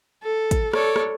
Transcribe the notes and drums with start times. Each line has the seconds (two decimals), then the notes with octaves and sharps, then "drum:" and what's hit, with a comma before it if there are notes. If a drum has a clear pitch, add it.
0.22 A4
0.51 drum: kick, hi-hat
0.73 A4 C#5 D5, drum: rim click
0.96 drum: rim click